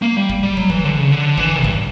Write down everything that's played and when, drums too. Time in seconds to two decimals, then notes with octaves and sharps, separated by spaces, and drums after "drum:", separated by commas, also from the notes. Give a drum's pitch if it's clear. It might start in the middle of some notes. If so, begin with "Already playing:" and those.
0.02 A#3
0.16 G3
0.30 drum: kick
0.43 G3
0.57 F#3, drum: kick
0.70 E3, drum: kick
0.84 D3
0.97 C#3
1.11 D3
1.38 E3, drum: kick
1.64 G2, drum: kick